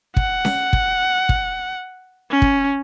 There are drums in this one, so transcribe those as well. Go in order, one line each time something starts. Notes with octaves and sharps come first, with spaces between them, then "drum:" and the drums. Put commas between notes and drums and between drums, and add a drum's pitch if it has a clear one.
F#5, drum: kick
drum: snare C#4
drum: kick
drum: kick
C#4
drum: kick